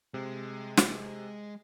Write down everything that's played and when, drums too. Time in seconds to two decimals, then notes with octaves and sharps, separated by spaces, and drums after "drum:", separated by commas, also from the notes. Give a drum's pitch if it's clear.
0.14 C3 G#3
0.77 drum: snare